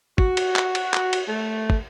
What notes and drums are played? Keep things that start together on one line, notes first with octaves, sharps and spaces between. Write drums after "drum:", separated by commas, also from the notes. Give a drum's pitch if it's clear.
F#4, drum: kick
drum: cymbal
drum: clap
drum: cymbal
drum: clap
drum: cymbal
A3
drum: kick